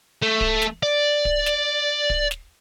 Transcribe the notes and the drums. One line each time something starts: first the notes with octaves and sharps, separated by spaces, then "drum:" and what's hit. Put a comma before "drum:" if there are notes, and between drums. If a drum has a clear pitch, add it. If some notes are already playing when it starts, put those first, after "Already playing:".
A3
drum: kick D1
drum: snare
D5
drum: kick D1
drum: snare
drum: kick D1
drum: snare